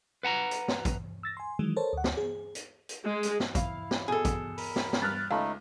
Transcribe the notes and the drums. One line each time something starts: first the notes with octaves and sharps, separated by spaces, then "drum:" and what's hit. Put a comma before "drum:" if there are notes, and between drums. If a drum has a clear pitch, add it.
B4 F#5 A5 A#5
drum: hi-hat
drum: snare
drum: kick, hi-hat
E6 A6 A#6
G#5 C6
D#3 E3 F#3 G#3
A4 A#4 C5 C#5 A5
D2 F#5
drum: snare
G#4
drum: hi-hat
drum: hi-hat
G#3
drum: hi-hat
drum: snare
E4 F5, drum: kick, hi-hat
drum: snare
B2 G#4 A4
drum: kick, hi-hat
A#4 B5, drum: open hi-hat
drum: snare
drum: snare
G2 F6 F#6 A6
C#2 A3 D#4 A4 F5 B5